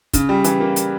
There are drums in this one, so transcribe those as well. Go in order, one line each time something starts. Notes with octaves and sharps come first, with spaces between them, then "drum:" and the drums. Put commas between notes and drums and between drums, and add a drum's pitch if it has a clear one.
C#3, drum: kick, hi-hat
G3
E3, drum: hi-hat
A#3
drum: hi-hat